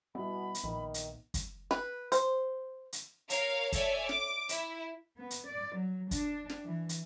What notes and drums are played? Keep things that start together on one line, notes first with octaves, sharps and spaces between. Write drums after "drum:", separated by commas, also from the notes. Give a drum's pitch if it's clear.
B2 G3 B3 E4 E5 B5
drum: hi-hat
A#1 D#3
drum: hi-hat
drum: kick, hi-hat
B4, drum: snare
C5, drum: hi-hat
drum: hi-hat
A#4 C#5 F5, drum: hi-hat
A4 C#5 D5 E5 G#5, drum: kick, hi-hat
D6, drum: snare
E4, drum: hi-hat
B3
drum: hi-hat
D5
F#3
D4, drum: kick, hi-hat
drum: snare
E3
drum: hi-hat